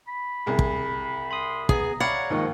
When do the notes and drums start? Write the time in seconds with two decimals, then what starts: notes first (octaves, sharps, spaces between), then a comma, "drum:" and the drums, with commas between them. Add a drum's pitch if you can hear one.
0.08 B5
0.46 C2 G#4
0.59 drum: kick
1.31 B5 C6 D#6
1.69 B3 G#4 A#5, drum: kick
2.00 C#5 D5 F5 F#5 B5
2.30 D#2 G#2 D#3 F3 C#6